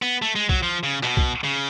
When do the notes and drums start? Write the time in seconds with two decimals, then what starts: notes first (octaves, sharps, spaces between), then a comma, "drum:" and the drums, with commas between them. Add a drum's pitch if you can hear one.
0.02 B3
0.22 A3
0.35 G#3
0.49 F#3, drum: kick C2
0.63 F3
0.83 C#3
1.03 B2, drum: clap
1.17 drum: kick C2
1.44 C#3